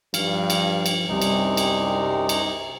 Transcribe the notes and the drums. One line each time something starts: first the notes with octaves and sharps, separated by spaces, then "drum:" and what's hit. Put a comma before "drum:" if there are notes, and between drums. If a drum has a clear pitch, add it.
G2 F3 F5, drum: cymbal
drum: cymbal
drum: cymbal
C2 F#2 C3 G3 D#4
drum: cymbal
drum: cymbal
drum: cymbal